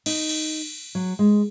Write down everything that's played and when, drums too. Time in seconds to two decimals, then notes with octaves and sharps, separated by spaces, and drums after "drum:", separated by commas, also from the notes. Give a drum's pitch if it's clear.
0.06 D#4, drum: cymbal
0.29 drum: cymbal
0.95 F#3
1.19 G#3